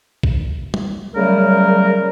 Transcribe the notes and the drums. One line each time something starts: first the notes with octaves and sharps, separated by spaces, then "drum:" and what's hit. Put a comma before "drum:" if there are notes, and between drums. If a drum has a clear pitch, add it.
drum: kick A#1
drum: tom
C#3 F#3 G3 A3 A#4